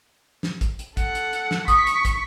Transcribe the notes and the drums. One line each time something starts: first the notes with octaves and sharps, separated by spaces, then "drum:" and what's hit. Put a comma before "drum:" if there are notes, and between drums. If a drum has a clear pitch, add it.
drum: snare
drum: kick, hi-hat
drum: hi-hat
A4 F#5, drum: kick, hi-hat
drum: hi-hat
drum: hi-hat
drum: snare
C#6 D#6 B6, drum: kick, hi-hat
drum: hi-hat
drum: kick, hi-hat